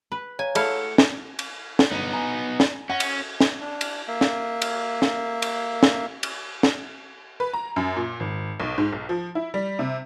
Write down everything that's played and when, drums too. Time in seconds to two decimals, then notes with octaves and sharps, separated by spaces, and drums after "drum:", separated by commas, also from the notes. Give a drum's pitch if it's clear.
0.12 B4
0.39 C#5 F5 G#5 A#5
0.55 A3 E4 F5 F#5 C#7, drum: cymbal
0.83 C#7
0.98 drum: snare
1.39 drum: cymbal
1.79 drum: snare
1.91 G1 B3 D#4 D#7
2.13 G#5 A#5
2.60 drum: snare
2.90 C#4 F#5 A#6
3.00 drum: cymbal
3.41 drum: snare
3.61 D4
3.81 drum: cymbal
4.08 A#3 E5
4.21 drum: snare
4.62 drum: cymbal
5.02 drum: snare
5.42 drum: cymbal
5.83 drum: snare
6.23 drum: cymbal
6.63 drum: snare
7.40 B4
7.53 A#5
7.76 F#2
7.96 A#2
8.20 G#1
8.60 B1
8.78 G#2
8.92 B1
9.09 F3
9.35 E4
9.54 G3
9.79 C3